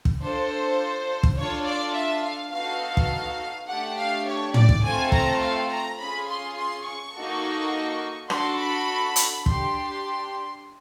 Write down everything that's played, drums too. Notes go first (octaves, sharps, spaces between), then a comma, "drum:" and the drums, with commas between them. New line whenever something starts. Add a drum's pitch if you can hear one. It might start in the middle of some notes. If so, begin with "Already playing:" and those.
drum: kick
D4 F4 A4 C5
drum: kick
D4 F4 A4 C#5
D5
E5
F5
B3 D#4 F#4 A4 F5
drum: kick
A3 D4 G4 F#5
F5
C#5
D5, drum: tom
drum: kick
A3 C4 F4 A4 G#5
A#5, drum: kick
F5
A#5
C#4 F4 G#4 B5
C6
C6
C#6
A#3 D#4 F#4 A4
D4 F#4 A4 C6, drum: rim click
B5
drum: hi-hat
D4 G4 C6, drum: kick